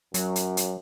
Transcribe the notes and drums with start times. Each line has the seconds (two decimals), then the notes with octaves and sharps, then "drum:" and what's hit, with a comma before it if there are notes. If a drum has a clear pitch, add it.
0.14 F#2 F#3, drum: hi-hat
0.36 drum: hi-hat
0.57 drum: hi-hat